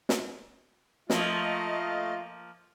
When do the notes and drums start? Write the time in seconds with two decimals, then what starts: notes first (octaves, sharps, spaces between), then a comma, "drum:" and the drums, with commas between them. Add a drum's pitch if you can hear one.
0.09 drum: snare
1.10 F3 A3 A#3 F4 D#5, drum: snare